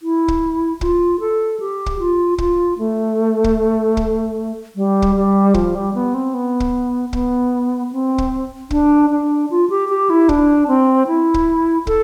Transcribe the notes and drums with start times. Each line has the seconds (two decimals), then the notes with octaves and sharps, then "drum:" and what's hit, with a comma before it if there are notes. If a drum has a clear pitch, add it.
0.02 E4
0.28 drum: kick
0.81 F4, drum: kick
1.20 A4
1.60 G4
1.86 drum: kick
1.99 F4
2.38 F4, drum: kick
2.79 A3
3.44 drum: kick
3.97 drum: kick
4.76 G3
5.02 drum: kick
5.15 G3
5.54 F3, drum: kick
5.75 G3
5.94 B3
6.14 C4
6.34 B3
6.60 drum: kick
7.13 B3, drum: kick
7.93 C4
8.18 drum: kick
8.71 D4, drum: kick
9.10 D4
9.51 F4
9.70 G4
9.89 G4
10.10 E4
10.29 D4, drum: kick
10.68 C4
11.07 E4
11.34 drum: kick
11.87 A4, drum: kick